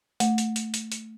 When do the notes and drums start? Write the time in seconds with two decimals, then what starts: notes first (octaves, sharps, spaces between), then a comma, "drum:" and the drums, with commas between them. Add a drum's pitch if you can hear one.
0.20 A3, drum: hi-hat
0.38 drum: hi-hat
0.56 drum: hi-hat
0.74 drum: hi-hat
0.92 drum: hi-hat